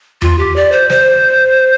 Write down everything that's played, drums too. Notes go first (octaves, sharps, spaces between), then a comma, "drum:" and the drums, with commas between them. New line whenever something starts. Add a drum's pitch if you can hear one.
F4, drum: tom E2
G4
D5
C5
C5, drum: snare